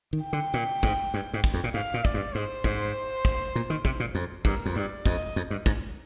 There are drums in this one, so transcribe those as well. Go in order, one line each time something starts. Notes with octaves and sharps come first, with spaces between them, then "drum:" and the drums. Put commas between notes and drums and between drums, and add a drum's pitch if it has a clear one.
D#3
G5
D3
A#2
G#2, drum: kick
G2
G#2
drum: kick
F2
A#2
G#2 F5
A#2
D5, drum: kick
G2
G#2 C5
G#2, drum: kick
drum: kick
A#2
D#3
C3, drum: kick
A#2
F2
G2 A#4, drum: kick
F2
G2 D5
F2 D#5, drum: kick
F2
G2
G#2, drum: kick